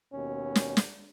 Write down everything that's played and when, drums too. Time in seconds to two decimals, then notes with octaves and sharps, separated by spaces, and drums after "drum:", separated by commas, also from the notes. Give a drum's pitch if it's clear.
0.13 D#2 B2 C#4
0.55 drum: snare
0.77 drum: snare